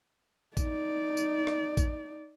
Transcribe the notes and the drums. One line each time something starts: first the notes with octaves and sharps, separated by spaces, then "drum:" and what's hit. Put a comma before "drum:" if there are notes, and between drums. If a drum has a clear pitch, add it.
D#4 D5, drum: kick A1, tambourine
drum: tambourine
drum: rim click
drum: kick A1, tambourine